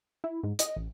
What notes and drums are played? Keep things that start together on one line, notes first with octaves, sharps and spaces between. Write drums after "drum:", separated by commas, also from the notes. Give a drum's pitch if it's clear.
E4
G#2
D#5, drum: hi-hat
A1